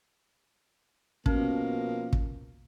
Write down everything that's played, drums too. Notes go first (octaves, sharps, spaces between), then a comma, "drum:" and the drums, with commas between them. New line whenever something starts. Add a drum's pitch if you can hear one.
B2 F3 A#3 C#4, drum: kick
drum: kick